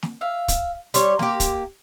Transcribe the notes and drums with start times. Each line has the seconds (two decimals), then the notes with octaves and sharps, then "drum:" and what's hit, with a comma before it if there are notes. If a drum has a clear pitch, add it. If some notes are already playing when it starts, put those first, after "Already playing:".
0.03 drum: snare
0.21 E5 F5
0.48 drum: kick, hi-hat
0.94 G3 C#5 C6, drum: hi-hat
1.19 A#3 G4, drum: snare
1.40 drum: kick, hi-hat